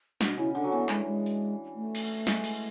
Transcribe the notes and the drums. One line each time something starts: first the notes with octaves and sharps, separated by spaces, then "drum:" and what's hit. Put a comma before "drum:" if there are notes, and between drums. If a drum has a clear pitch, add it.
B2 D4, drum: snare
C#3 E4
D3 D4
F#3
E3 B3
G#3, drum: clap
G#3
drum: open hi-hat
A3
drum: cymbal
G#3, drum: snare
G#3, drum: cymbal